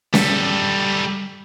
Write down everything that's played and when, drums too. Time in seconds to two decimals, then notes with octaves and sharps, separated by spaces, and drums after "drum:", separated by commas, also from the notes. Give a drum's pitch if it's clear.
0.14 G3 A4, drum: snare C#4